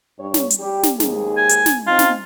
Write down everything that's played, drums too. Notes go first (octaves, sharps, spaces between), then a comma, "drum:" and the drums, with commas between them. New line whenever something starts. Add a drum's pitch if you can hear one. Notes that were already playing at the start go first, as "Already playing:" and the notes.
G2 C#5
drum: snare
drum: hi-hat
G3 G4
drum: snare
D#2 G#2 G#4, drum: snare
G#5
drum: hi-hat
drum: snare
C4 D#4 F4
drum: snare